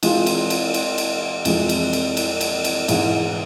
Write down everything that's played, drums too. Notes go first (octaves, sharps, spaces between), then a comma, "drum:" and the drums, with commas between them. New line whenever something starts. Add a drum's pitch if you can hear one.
E3 G#3 C4 F4, drum: cymbal
drum: cymbal
drum: cymbal
drum: cymbal
drum: cymbal
F2 E3 G#3 C4 F4, drum: cymbal
drum: cymbal
drum: cymbal
drum: cymbal
drum: cymbal
drum: cymbal
G#2 E3 G#3, drum: cymbal